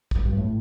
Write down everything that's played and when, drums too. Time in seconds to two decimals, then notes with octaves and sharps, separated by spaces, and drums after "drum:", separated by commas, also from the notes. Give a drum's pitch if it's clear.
0.11 drum: kick
0.25 G2
0.37 A2